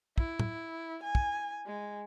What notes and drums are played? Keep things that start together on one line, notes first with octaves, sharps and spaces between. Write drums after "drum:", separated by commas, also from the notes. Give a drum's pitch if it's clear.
E4, drum: kick
drum: tom
G#5
drum: kick
G#3